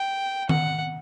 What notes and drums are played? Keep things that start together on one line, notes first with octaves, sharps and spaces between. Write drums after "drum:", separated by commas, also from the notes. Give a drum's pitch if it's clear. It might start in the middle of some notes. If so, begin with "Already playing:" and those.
Already playing: G5
F#5, drum: tom D#3